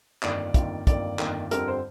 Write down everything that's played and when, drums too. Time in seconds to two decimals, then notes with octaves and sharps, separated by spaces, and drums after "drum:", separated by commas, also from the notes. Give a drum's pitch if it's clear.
0.23 G1 F2 D#3 A#3 D5, drum: clap
0.54 G1 F2 D#3 A#3, drum: kick, hi-hat
0.87 G1 F2 D#3 A#3 D5, drum: kick, hi-hat
1.19 G1 F2 D#3 A#3, drum: clap
1.51 G1 F2 D3 G3 C4 A#4, drum: hi-hat
1.68 C5